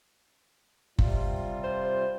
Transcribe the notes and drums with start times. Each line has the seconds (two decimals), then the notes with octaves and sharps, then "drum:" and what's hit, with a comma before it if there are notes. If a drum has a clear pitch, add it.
0.99 C3 G3 F4, drum: kick F#1
1.63 C5